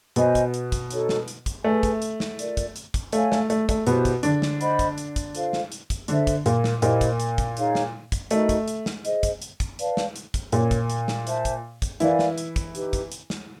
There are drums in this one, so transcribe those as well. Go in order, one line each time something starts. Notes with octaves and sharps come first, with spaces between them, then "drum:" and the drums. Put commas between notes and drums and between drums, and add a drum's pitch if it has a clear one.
B2 B3 C5 D#5 G#5, drum: hi-hat
drum: kick, hi-hat
drum: hi-hat
drum: kick, hi-hat
D#4 F#4 A4 C#5, drum: hi-hat
drum: snare
drum: hi-hat
drum: kick, hi-hat
A3 G#4 B4 E5 G#5
drum: kick, hi-hat
drum: hi-hat
drum: snare
F4 A#4 D5, drum: hi-hat
drum: kick, hi-hat
drum: hi-hat
drum: kick, hi-hat
A3 A4 C#5 F5 G#5, drum: hi-hat
A3, drum: snare
A3, drum: hi-hat
A3, drum: kick, hi-hat
B2 B3 E4 G4 C5, drum: hi-hat
drum: kick, hi-hat
D3 D4, drum: hi-hat
drum: snare
C5 D#5 F#5 B5, drum: hi-hat
drum: kick, hi-hat
drum: hi-hat
drum: kick, hi-hat
F4 A4 C5 F5, drum: hi-hat
drum: snare
drum: hi-hat
drum: kick, hi-hat
D3 D4 A4 C5 E5, drum: hi-hat
drum: kick, hi-hat
A#2 A#3, drum: hi-hat
drum: snare
A#2 A#3 E4 G4 C5 D#5, drum: hi-hat
drum: kick, hi-hat
drum: hi-hat
drum: kick, hi-hat
D#4 G#4 C#5 F5, drum: hi-hat
drum: snare
drum: kick, hi-hat
A3 D#4 F#4 A#4 D#5, drum: hi-hat
drum: kick, hi-hat
drum: hi-hat
drum: snare
G#4 C5 D#5, drum: hi-hat
drum: kick, hi-hat
drum: hi-hat
drum: kick, hi-hat
B4 D5 F5 A5, drum: hi-hat
drum: snare
drum: hi-hat
drum: kick, hi-hat
A#2 A#3 C#4 F4 A#4 C#5, drum: hi-hat
drum: kick, hi-hat
drum: hi-hat
drum: snare
C5 E5 A5, drum: hi-hat
drum: kick, hi-hat
drum: kick, hi-hat
E3 E4 A#4 D5 F5 G#5, drum: hi-hat
drum: snare
drum: hi-hat
drum: kick, hi-hat
D#4 G4 B4, drum: hi-hat
drum: kick, hi-hat
drum: hi-hat
drum: snare